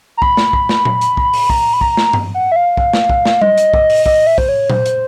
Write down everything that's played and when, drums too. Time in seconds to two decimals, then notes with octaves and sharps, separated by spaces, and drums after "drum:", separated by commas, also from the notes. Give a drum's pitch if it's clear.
0.17 A#5
0.22 B5, drum: kick
0.37 drum: snare
0.53 drum: kick
0.69 drum: snare
0.85 drum: tom A#2
1.01 drum: hi-hat
1.17 drum: kick
1.33 drum: open hi-hat
1.50 A#5, drum: kick
1.73 B5
1.81 A#5, drum: kick
1.97 drum: snare
2.13 drum: tom G2
2.34 F#5
2.52 E5
2.56 F5
2.77 drum: kick
2.93 drum: snare
3.09 drum: kick
3.25 drum: snare
3.41 D#5, drum: tom G3
3.58 drum: hi-hat
3.74 drum: kick
3.90 drum: open hi-hat
4.06 D#5, drum: kick
4.27 E5
4.38 C5, drum: kick
4.49 C#5
4.70 C5, drum: tom A#2
4.86 drum: hi-hat